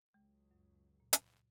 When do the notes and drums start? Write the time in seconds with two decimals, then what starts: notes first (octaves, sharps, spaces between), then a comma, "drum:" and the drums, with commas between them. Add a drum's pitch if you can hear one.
0.14 C#2 F#3 G#3
0.51 F#2
1.00 A#2
1.13 drum: hi-hat